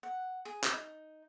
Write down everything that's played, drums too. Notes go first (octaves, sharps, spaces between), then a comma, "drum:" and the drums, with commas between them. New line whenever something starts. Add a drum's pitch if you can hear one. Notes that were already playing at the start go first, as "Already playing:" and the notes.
F#5
G#4
drum: clap
D#4